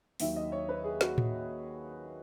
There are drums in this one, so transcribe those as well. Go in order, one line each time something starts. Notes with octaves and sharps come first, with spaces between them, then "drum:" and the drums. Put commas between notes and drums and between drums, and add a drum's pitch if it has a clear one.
D#2 D#3 F#3 E5, drum: open hi-hat
D#5
C#5
B4
G#4
F#4, drum: snare
drum: tom A2